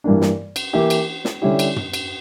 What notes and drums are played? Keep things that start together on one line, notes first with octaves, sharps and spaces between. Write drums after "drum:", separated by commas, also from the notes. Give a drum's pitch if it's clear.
G2 E3 A#3 D4
drum: snare
drum: cymbal
E3 A#3 E4 G4
drum: cymbal
drum: snare
D3 G3 C#4 E4 G4
drum: cymbal
drum: tom
drum: cymbal